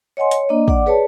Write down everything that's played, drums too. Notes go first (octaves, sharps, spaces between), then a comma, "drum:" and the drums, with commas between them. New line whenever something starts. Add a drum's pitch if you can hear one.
C#5 D#5 F#5 G#5 C6
C#5, drum: hi-hat
A#3 D4 D5 D#5
D5 F#5 D6, drum: kick
G#4 B4 C#5 D5 A5